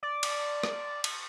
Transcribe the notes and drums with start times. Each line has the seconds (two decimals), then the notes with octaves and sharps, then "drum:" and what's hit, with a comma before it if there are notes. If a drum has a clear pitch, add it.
0.03 D5
0.23 drum: cymbal
0.63 drum: rim click
1.04 drum: cymbal